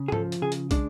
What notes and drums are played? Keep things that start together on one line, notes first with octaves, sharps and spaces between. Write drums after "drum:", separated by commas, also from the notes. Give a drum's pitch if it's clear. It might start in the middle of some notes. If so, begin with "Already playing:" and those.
Already playing: C#3
G#4
F3 A4, drum: tom G#2
drum: hi-hat
C#3 G#4
drum: hi-hat
G#3 D4, drum: kick, hi-hat